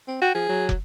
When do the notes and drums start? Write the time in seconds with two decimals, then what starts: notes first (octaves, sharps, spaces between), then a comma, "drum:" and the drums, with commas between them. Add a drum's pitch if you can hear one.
0.08 C4
0.22 F#4 G5
0.35 F3 G#4
0.49 F#3
0.69 drum: kick